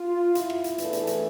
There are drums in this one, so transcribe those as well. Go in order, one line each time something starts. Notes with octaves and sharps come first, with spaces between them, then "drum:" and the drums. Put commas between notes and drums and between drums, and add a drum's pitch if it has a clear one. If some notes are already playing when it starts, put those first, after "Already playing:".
Already playing: F4
E4, drum: hi-hat
drum: rim click
drum: hi-hat
E2 E3 A3 D4, drum: hi-hat
drum: hi-hat
drum: hi-hat